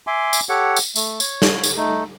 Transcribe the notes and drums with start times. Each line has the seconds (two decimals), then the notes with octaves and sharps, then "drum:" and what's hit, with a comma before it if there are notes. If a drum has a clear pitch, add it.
0.07 E5 G#5 C6 D6
0.33 drum: tambourine
0.49 G4 A4 C#5 F#5
0.76 drum: tambourine
0.96 A3, drum: tambourine
1.20 C#5, drum: tambourine
1.42 drum: snare
1.63 drum: tambourine
1.77 A3 D#4